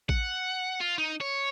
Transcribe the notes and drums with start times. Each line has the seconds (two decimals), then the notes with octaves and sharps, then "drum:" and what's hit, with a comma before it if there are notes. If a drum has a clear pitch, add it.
0.09 F#5, drum: kick A1
0.80 F4
0.98 D#4
1.20 C#5